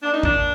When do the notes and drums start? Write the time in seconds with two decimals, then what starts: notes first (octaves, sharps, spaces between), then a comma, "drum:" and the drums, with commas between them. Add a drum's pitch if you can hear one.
0.03 A#3 D4
0.13 D#4
0.23 D4, drum: kick G#1